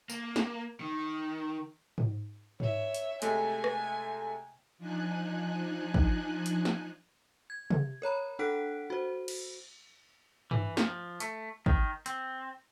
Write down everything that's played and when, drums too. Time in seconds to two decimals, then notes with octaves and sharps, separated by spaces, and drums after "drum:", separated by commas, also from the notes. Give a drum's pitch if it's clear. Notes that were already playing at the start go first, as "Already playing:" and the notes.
0.10 A#3, drum: tambourine
0.36 drum: snare
0.80 D#3
1.98 drum: tom G#2
2.60 C#5 E5, drum: tom G#2
2.94 drum: hi-hat
3.22 C3 G#3 A3 G#5, drum: hi-hat
3.64 drum: rim click
4.78 F3 D4 D#4 G#5 F#6
5.94 drum: kick
6.46 drum: hi-hat
6.65 drum: snare
7.50 G#6
7.71 drum: tom C3
8.02 A#4 C#5 A#5 B5
8.39 D4 A4 F#5 F#6 B6 D7
8.90 F#4 C5
9.28 drum: cymbal
10.51 E3, drum: tom G2
10.77 F3, drum: snare
11.20 A3, drum: hi-hat
11.66 D#3, drum: kick
12.06 C4, drum: hi-hat